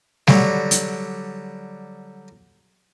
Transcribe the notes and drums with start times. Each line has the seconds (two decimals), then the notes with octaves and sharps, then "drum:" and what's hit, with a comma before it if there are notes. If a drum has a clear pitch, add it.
0.27 D3 F#3 G3, drum: snare G3
0.71 drum: hi-hat